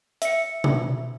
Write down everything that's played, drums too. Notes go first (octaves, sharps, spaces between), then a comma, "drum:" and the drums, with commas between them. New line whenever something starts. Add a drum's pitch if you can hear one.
E5 C#7, drum: hi-hat
drum: tom B2